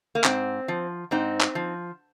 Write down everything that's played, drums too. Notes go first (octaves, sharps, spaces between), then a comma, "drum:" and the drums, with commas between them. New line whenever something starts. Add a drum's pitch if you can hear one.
A#3
G#2 C4, drum: clap
F3
G#2 C4 D#4
drum: clap
F3